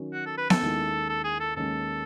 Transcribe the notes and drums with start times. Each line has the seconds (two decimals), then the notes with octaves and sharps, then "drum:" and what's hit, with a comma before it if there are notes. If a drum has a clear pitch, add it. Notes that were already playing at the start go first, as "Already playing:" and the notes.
Already playing: D#3 F#3 C#4
0.13 F#4
0.26 A4
0.38 B4
0.50 A4, drum: snare B3
0.61 D#2 D#3 G#3 C#4 E4
1.09 A4
1.24 G#4
1.40 A4
1.56 D#2 D#3 G#3 C#4 A4